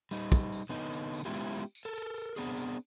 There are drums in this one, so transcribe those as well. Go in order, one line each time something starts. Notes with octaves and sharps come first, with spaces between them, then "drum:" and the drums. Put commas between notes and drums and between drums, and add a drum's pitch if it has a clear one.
G3 D#4, drum: tambourine
drum: kick, tambourine
drum: tambourine
D3 B3 D#4
drum: tambourine
drum: tambourine
G#3 B3 C#4 E4 F4 G4
drum: tambourine
drum: tambourine
drum: tambourine
A4 A#4
drum: tambourine
drum: tambourine
B3 C4 D4 G#4, drum: tambourine
drum: tambourine